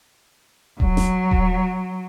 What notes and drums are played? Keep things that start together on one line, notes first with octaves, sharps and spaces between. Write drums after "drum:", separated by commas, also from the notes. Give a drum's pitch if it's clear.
F#3, drum: kick D#1
drum: snare G#1
drum: kick D#1